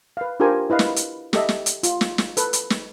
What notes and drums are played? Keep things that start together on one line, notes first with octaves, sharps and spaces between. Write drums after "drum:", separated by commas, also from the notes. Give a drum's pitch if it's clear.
B4 F5
D4 F4 G4 A#4 C5 G#5
E4 B4 D#5 F5
drum: snare
drum: hi-hat
G4 A4 D#5 E5, drum: snare
drum: snare
drum: hi-hat
F4, drum: hi-hat
drum: snare
drum: snare
A4 B4, drum: hi-hat
drum: hi-hat
drum: snare